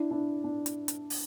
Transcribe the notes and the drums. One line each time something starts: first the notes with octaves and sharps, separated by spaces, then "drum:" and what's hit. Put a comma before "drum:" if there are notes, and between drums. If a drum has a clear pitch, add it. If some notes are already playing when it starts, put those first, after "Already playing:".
Already playing: D4 E4
D4 E4
D4
drum: hi-hat
drum: hi-hat
drum: open hi-hat